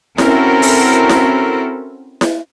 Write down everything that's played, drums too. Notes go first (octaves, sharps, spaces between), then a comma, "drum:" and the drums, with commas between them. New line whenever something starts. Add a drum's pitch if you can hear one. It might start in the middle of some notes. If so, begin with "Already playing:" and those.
C4 C#4 E4 F#4 A4 A#4, drum: snare E4
drum: open hi-hat
drum: snare E4
drum: snare E4